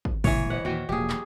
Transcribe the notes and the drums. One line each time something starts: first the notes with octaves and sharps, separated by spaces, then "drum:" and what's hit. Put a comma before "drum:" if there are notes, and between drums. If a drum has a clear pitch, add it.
drum: kick
D1 A#2 C#3 E3 G#3 C#5, drum: kick, open hi-hat
B4 C5 D#5 F#5
D#2 A#2 E3 F#4 G5
E1 F3 A#3 G4 G#4
drum: clap